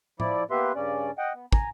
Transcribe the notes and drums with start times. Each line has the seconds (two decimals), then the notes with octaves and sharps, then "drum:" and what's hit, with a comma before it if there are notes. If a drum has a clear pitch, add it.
0.20 F3 E4 D5, drum: tom A2
0.51 A#3 B3 G4 B4 E5 C6
0.75 G2 C#3 C#4 D5
1.18 D#5 F#5 G5
1.34 B3
1.52 G#5 A#5, drum: kick